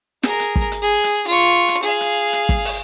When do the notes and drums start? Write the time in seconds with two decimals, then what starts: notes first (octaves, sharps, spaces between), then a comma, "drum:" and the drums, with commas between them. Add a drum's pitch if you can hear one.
0.23 G#4 A#4, drum: snare
0.39 drum: hi-hat
0.56 drum: kick
0.72 drum: hi-hat
0.82 G#4
1.04 drum: hi-hat
1.28 F4 C#6
1.68 drum: hi-hat
1.83 G#4 F5
2.01 drum: hi-hat
2.33 drum: hi-hat
2.49 drum: kick
2.65 drum: open hi-hat